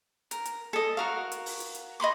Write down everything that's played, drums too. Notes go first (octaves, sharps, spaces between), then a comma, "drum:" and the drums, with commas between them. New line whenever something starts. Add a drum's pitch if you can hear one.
A#4, drum: hi-hat
drum: hi-hat
A4 D#5
F#4 A#4 F5
drum: hi-hat
drum: open hi-hat
drum: hi-hat
drum: hi-hat
D#5 B5 C6 D6